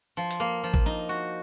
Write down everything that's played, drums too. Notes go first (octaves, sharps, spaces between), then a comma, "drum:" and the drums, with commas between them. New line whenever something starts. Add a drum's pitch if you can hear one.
F3
drum: hi-hat
A#3
F3
drum: kick
D#4
F#4